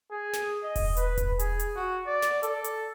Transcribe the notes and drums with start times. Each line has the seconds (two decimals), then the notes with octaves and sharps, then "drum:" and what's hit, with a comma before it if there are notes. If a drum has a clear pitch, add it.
0.11 G#4
0.34 drum: snare
0.63 D#5
0.76 drum: kick E1, open hi-hat
0.97 B4, drum: hi-hat
1.18 drum: kick E1, hi-hat
1.39 G#4, drum: hi-hat
1.59 drum: hi-hat
1.76 F#4
2.07 D5
2.22 drum: snare
2.43 A4, drum: hi-hat
2.64 drum: hi-hat